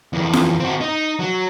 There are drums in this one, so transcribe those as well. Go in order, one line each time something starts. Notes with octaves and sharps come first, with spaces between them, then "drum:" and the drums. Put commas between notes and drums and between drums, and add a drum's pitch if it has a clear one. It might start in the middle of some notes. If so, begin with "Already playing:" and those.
F2 E3
drum: snare
C4 F#4
D#4
F#3